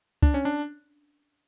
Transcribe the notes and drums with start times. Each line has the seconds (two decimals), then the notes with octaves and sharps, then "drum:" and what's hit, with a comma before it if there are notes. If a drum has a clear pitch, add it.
0.22 D4, drum: kick
0.34 C#4
0.45 D4